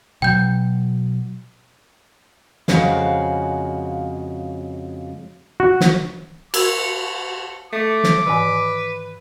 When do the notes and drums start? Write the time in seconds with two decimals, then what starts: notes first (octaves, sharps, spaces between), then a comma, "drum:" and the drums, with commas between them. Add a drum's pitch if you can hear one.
0.22 B2 F#3 G5 G6
2.68 F2 C#3 G#3 F#4 F5, drum: snare
5.60 F#4
5.81 drum: snare
6.54 F#4 A#4 C#6 E6, drum: cymbal
7.72 A3 D6
8.04 drum: snare
8.26 G#2 D#3 E3 B4